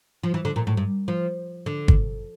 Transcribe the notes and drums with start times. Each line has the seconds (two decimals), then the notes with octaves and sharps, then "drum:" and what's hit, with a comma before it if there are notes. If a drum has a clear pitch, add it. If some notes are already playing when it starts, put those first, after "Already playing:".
0.23 F3
0.34 E3
0.45 D3
0.56 A#2
0.67 A2
0.77 G2
1.08 F3
1.66 D3
1.88 drum: kick